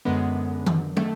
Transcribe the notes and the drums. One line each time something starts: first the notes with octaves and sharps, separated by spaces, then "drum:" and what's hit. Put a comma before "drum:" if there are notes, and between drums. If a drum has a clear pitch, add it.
F#2 D3 G#3 B3
drum: tom D#3
A3, drum: tom